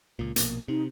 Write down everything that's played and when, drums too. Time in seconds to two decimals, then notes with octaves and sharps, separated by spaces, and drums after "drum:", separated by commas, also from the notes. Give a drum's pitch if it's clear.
0.19 C#2 A#2
0.36 A#1 B2 A#3, drum: hi-hat
0.68 C3 D#4